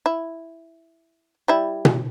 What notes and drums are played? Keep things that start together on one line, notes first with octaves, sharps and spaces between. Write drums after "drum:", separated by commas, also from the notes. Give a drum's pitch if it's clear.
E4
G3 E4
drum: tom B2